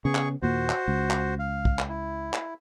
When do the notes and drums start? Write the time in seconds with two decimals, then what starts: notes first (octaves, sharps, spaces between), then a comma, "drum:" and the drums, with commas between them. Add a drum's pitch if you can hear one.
0.05 C#3 B3 G#4 C#6
0.15 drum: clap
0.42 D#2 A#2 F#4 C5
0.70 drum: clap
0.88 C#2
1.11 drum: clap
1.39 F5
1.65 drum: kick
1.79 drum: clap
1.89 E4
2.34 drum: clap